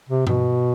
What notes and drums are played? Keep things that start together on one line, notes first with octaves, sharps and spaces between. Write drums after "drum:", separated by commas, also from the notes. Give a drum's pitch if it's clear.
C3
B2, drum: tom G2